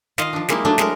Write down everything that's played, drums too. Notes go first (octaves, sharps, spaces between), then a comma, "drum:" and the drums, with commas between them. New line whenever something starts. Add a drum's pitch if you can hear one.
D#3 F4 D#5 F5, drum: snare
F3 D4
G3 G#3 A#3 D#4 E4, drum: snare
F#3 A3 D4
F#3 G#3 A#4, drum: snare